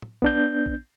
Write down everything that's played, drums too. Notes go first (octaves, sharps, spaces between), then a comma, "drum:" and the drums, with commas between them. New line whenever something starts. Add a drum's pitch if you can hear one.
drum: tom
B3 D4 G6, drum: kick A#1
drum: kick A#1